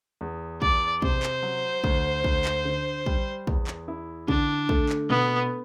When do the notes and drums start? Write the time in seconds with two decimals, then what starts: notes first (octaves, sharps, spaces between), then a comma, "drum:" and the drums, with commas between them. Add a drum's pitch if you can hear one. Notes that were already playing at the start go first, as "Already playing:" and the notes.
0.21 E2
0.62 E2 D5, drum: kick
1.02 C3 C5, drum: kick
1.23 drum: clap
1.43 F#3
1.84 D2, drum: kick
2.24 D2, drum: kick
2.45 drum: clap
2.65 D3
3.06 G3, drum: kick
3.47 E2, drum: kick
3.67 drum: clap
3.88 E4
4.28 D3 D4, drum: kick
4.69 A3, drum: kick
4.89 drum: clap
5.10 B2 B3